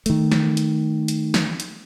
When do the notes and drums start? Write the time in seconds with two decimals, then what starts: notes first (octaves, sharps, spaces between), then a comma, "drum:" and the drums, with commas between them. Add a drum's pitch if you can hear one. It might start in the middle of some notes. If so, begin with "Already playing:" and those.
0.06 D#3 A3, drum: hi-hat
0.32 drum: snare
0.57 drum: hi-hat
1.08 drum: hi-hat
1.34 drum: snare
1.60 drum: hi-hat